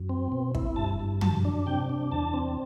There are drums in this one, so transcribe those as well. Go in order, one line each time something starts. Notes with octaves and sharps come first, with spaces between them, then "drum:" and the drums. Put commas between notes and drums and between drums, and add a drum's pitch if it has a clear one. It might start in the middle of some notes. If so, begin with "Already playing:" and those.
Already playing: F#2
C4
B2
E4, drum: kick
G2 A5
G2
F#2 A5, drum: tom
D4
C3 G5
D4
E2 A5
C4